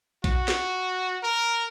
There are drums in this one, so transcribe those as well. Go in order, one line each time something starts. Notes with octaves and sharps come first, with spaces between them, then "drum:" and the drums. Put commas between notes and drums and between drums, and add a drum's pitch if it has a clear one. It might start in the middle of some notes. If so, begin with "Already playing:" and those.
F#4, drum: kick B1
drum: snare
A#4